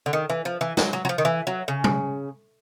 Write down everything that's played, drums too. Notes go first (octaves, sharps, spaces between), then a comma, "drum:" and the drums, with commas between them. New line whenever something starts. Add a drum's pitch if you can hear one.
D3
D#3
E3
F3
E3
F#3, drum: snare
F#3
F#3
F3
D#3
E3
F#3
C#3
drum: tom